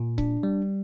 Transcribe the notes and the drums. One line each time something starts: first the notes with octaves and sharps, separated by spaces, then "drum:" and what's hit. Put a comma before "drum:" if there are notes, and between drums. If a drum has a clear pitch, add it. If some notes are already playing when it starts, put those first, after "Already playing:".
Already playing: A#2
D4, drum: kick C#1
G3